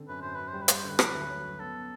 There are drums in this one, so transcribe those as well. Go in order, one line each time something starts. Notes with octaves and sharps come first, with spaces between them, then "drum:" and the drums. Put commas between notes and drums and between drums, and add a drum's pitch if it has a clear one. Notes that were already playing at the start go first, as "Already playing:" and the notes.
Already playing: D3 C4
F#2 B4
F#2 C5
F#2 B4
C5
G3
B4
G3, drum: hi-hat
C5
D3 B4
F#3, drum: rim click
D2
F#3
F#3
B3 A4
B3